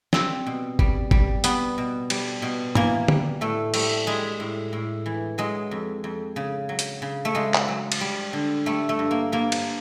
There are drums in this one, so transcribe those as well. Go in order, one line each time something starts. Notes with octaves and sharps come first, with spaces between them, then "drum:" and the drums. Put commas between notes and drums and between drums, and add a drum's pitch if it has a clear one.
G3 C4, drum: snare
B2
G3, drum: kick G1
G3, drum: kick G1
G3 B3, drum: hi-hat
B2
G3, drum: cymbal
B2
E3 A#3, drum: tom
G3, drum: tom
A2 A3
G3 A3, drum: cymbal
G3 G#3
A2
A2
E3
F#3 G#3
F2
F2
C#3
F#3
drum: hi-hat
C#3
A3
C#3 G#3
drum: clap
F#3
drum: cymbal
G3
D3
G3 A3
A3
G2
A#3
G2 A#3
drum: cymbal